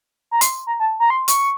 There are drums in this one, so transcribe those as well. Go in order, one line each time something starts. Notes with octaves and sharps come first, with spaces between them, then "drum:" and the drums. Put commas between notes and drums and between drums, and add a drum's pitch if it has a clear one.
A#5
C6, drum: hi-hat
A#5
A5
A#5
C6
C#6, drum: hi-hat